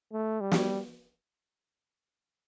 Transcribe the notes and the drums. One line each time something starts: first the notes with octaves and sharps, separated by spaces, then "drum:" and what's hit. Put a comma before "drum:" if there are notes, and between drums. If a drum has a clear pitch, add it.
A3
G3
drum: snare